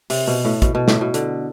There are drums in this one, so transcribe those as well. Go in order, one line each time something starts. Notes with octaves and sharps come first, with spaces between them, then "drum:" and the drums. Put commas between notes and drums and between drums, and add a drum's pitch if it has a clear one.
C3, drum: open hi-hat
B2
A2
B2, drum: kick, hi-hat
B2
A2, drum: snare
B2
D3, drum: hi-hat